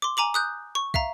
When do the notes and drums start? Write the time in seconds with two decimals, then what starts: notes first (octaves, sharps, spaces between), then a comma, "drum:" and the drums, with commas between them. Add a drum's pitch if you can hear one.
0.02 C6 D6
0.17 G#5 A#5 D6 F#7
0.34 D#6 F#6 G6
0.75 C#6
0.94 E5 F5 A#5, drum: kick